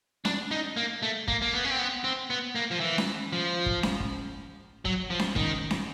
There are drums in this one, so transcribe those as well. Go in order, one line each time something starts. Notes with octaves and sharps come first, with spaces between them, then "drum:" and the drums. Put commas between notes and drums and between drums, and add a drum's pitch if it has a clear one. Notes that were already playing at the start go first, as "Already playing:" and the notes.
D4, drum: snare C#4
D#4
A#3
A3
A#3, drum: kick
A#3
B3
C#4
C4
B3
C4
B3
A#3
F3
E3
drum: snare C#4
F3
drum: kick
drum: snare C#4
drum: kick
F#3, drum: kick
F3
drum: snare C#4
D#3, drum: kick
drum: snare C#4